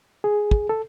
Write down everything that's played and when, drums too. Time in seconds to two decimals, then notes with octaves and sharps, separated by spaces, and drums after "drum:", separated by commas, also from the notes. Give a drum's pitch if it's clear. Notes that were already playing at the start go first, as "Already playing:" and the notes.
0.24 G#4
0.51 drum: kick
0.69 A4